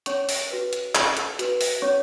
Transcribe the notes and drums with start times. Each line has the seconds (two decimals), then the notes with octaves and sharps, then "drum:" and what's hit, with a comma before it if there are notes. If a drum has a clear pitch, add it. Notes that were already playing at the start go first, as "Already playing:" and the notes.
0.06 C#4 C#5 C#6, drum: hi-hat
0.29 drum: open hi-hat
0.51 F#4 B4
0.73 drum: hi-hat
0.95 C#4, drum: clap
1.17 drum: hi-hat
1.39 F#4 B4, drum: hi-hat
1.61 drum: open hi-hat
1.82 C#4 C#5 C#6